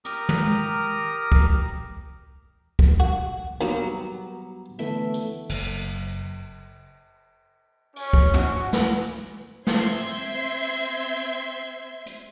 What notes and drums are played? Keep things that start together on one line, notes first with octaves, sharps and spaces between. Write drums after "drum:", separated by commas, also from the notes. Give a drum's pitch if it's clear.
G4 A#4 A#5 D#6, drum: hi-hat
drum: tom
drum: kick
drum: kick
F#4
D#2 F#3 G3 B3 F#4 A#5
D3 E3 A3 B3 E5, drum: hi-hat
drum: hi-hat
F#1, drum: cymbal
C#4, drum: open hi-hat
drum: kick
F#4, drum: tom
drum: snare
C4 E5 C6 G#6, drum: snare
drum: hi-hat